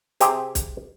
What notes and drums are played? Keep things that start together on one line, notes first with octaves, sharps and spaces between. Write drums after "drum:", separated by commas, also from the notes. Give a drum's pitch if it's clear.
C3 C4 G4 G#4, drum: hi-hat
drum: kick, hi-hat